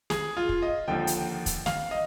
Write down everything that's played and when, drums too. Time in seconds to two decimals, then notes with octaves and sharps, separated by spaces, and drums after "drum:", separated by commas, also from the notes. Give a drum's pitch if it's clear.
0.10 G#4, drum: snare
0.37 F4
0.49 drum: kick
0.63 D#5
0.88 D#2 D3 F3 G5
1.07 drum: hi-hat
1.46 drum: kick, hi-hat
1.66 F5, drum: snare
1.91 D#5